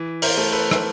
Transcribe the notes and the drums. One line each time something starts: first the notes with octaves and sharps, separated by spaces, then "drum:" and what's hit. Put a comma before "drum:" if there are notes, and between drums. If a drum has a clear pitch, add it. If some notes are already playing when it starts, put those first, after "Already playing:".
Already playing: E3
A#4 C5, drum: open hi-hat
A3
A4 B4
drum: rim click